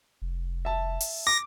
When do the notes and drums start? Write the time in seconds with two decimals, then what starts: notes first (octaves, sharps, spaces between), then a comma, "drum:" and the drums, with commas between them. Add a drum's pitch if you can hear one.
0.22 F1
0.65 E5 A5
1.00 drum: open hi-hat
1.27 D6 A#6